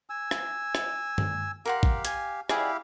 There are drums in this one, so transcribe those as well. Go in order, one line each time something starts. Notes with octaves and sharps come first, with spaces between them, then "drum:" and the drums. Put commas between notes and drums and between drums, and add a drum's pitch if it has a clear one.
G#5 E6
drum: rim click
drum: rim click
drum: tom
G4 A#4 F5 F#5 C6
drum: kick
G#5, drum: hi-hat
E4 G4 G#4 D5 F5 F#5, drum: rim click